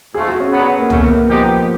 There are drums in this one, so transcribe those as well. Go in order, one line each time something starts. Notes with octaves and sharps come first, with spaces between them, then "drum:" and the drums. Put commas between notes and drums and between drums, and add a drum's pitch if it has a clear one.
G#2 F3 A3 G#4
F#4
C#4
D3 F#3 B3
A#3
F#3 A3 B3 C#4, drum: tom
A#3
B3
F3 G#3 B3 D#4 G4